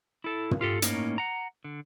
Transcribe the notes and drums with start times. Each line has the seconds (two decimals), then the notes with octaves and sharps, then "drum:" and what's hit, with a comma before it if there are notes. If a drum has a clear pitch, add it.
0.24 E4 A4
0.51 drum: tom
0.61 F4 G4 A4
0.82 A2 A#3 C#4 D#4, drum: hi-hat
1.18 F#5 A#5
1.64 D3